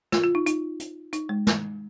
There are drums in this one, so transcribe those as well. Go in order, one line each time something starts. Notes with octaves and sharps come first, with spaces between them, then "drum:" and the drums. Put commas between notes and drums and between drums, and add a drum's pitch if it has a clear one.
F4, drum: snare
F4
D#4
D#4, drum: hi-hat
drum: hi-hat
D#4, drum: hi-hat
G#3
drum: snare